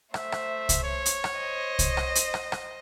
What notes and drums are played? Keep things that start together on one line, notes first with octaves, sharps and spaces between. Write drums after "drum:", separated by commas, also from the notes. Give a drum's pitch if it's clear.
A3 C5 E5, drum: rim click
drum: rim click
drum: kick C2, hi-hat
C#5
drum: hi-hat
drum: rim click
C5 D#5
drum: kick C2, hi-hat
drum: rim click
drum: hi-hat
drum: rim click
drum: rim click